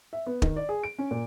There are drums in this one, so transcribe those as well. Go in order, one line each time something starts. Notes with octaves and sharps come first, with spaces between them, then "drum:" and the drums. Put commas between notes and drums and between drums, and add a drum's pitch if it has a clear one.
E5
B3
D#3, drum: kick
D5
G#4
D7
C#4
A#2